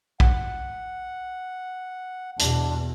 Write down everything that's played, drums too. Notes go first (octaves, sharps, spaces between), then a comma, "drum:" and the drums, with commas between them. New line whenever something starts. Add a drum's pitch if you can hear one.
F#5, drum: kick A#1
E2 B2 D4, drum: hi-hat